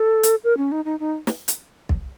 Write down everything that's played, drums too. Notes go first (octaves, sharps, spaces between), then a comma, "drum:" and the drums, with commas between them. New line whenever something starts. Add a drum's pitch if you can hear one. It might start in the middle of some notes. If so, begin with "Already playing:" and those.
Already playing: A4
drum: hi-hat
A#4
C#4
D#4
D#4
D#4
drum: snare
drum: hi-hat
drum: kick